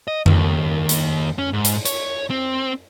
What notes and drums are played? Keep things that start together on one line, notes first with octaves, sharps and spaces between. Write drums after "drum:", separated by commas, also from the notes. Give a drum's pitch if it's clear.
D#5
D#2, drum: tom F2
drum: hi-hat
C#4
G#2
drum: hi-hat
C#5, drum: hi-hat
C4